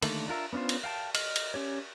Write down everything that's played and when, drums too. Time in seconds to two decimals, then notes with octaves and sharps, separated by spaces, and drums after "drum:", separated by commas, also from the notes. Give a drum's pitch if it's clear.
0.02 D3 D#3 A3 A#3 A4, drum: cymbal
0.28 D4 F4 A#4 E5
0.53 B3 C#4 D4 F4 C5
0.69 drum: cymbal
0.84 F5 G5 A5
1.15 D#5 F6, drum: cymbal
1.36 drum: cymbal
1.54 C#4 G4 C#5